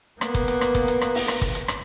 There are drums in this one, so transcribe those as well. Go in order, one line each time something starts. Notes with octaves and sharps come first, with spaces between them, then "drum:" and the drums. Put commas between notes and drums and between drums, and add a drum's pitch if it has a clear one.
A#3 B3, drum: rim click
drum: kick, hi-hat
drum: hi-hat
drum: rim click
drum: kick, hi-hat
drum: hi-hat
drum: rim click
drum: open hi-hat
drum: rim click
drum: kick, hi-hat
drum: hi-hat
drum: rim click